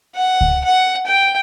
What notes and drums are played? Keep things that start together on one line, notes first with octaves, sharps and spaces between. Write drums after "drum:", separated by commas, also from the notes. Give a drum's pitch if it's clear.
F#5
drum: kick C#2
F#5
G5